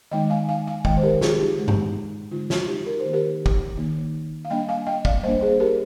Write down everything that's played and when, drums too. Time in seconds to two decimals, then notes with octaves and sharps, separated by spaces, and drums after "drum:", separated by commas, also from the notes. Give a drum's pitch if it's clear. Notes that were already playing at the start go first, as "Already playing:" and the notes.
0.11 D#3 G#3 D#4 D#5 G5
0.30 F5 G#5
0.49 F5 G#5
0.67 F5 G#5
0.85 D#3 G#3 D#4 D#5 G5, drum: kick
0.97 C5
1.03 G4 A#4
1.21 F4 G#4, drum: snare
1.40 D#4 G4
1.58 D3 G#3 D#4
1.68 drum: tom G2
2.31 D3 G#3 D#4 F4
2.50 F4, drum: snare
2.68 D#4 G4
2.86 A#4
3.00 C5
3.05 D#3 A#3 D#4
3.13 G4 A#4
3.46 drum: kick
3.77 D#3 A#3 D#4
4.45 F5
4.50 G3 A#3 D4 D#5 G5
4.69 F5 G#5
4.87 D#5 G5
5.05 D5 F5, drum: kick
5.23 G3 A#3 D4 C5 D#5
5.41 G#4 C5
5.60 G4 A#4